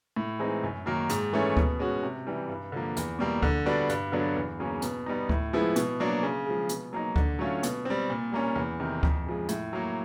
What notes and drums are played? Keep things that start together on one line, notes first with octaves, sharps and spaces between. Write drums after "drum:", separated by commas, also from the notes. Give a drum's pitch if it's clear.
A2
E3 G#3 C4 D#4
F#2
D#3 F#3 A#3
G#2, drum: hi-hat
E3 A3 C#4
B2, drum: kick D2
G#3 C#4 F#4
C3
E3 G3
G2
D3 F3 A#3
E2, drum: hi-hat
B2 G3 A#3
D3, drum: kick D2
G3 B3 D4 F#4
G2, drum: hi-hat
D3 F#3 B3 D4
E2
C#3 F#3 A#3 C#4
B2, drum: hi-hat
G3 B3 D#4
A2, drum: kick D2
F3 G#3 B3 E4
B2, drum: hi-hat
F#3 A#3 D4
C#3
F3 G#3
B2, drum: hi-hat
F#3 A#3 D#4
D3, drum: kick D2
F#3 A3 C#4 F4
B2, drum: hi-hat
G3 C4
A#2
G3 A#3 C#4
E2
C3 D#3
F2, drum: kick D2
C#3 F3 G#3
A2, drum: hi-hat
F#3 A#3